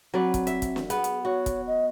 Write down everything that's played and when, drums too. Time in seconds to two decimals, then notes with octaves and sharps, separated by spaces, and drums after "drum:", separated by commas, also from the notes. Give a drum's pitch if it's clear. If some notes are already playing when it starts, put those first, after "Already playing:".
0.14 F#3 C4 B4 D5
0.34 drum: kick, hi-hat
0.47 E5, drum: hi-hat
0.62 drum: kick, hi-hat
0.76 drum: snare
0.90 B3 G#4, drum: hi-hat
1.04 drum: hi-hat
1.25 F#4 C#5
1.46 drum: kick, hi-hat
1.67 D#5